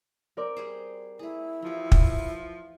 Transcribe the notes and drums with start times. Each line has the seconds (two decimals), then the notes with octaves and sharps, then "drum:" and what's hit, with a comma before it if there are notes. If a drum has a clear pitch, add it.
0.37 C4 A#4 D5
0.57 G3 G#4 C5
1.19 A3 E4 G#4
1.62 E3 F3 G4
1.92 drum: kick